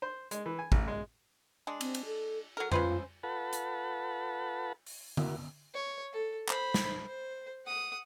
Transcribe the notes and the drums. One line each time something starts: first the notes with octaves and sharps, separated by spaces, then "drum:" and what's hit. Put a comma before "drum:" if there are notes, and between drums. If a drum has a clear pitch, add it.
C5
G#3, drum: hi-hat
E3
G#5
A1, drum: kick
G#3
G#3 D4
C4, drum: cymbal
drum: cymbal
A4
F#3 A4 A#4
C#4 F4 B4 C5, drum: tom F2
F4 A4 B4 F#5 A5 B5
drum: hi-hat
drum: open hi-hat
A#3 E4 F#4, drum: tom D3
C#5
A4
C5 B5, drum: clap
drum: snare
C5
F#5 D#6